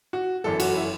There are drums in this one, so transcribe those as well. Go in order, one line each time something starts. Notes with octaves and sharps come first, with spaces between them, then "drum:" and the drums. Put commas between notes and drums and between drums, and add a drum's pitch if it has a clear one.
F#4
G1 F#2 E3 A4
F#4, drum: cymbal
E4